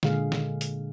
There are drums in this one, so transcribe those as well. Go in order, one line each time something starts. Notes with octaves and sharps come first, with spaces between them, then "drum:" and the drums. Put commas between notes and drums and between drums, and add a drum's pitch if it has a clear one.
A#2 D3 G#3 G#4 F5, drum: snare
drum: snare
drum: hi-hat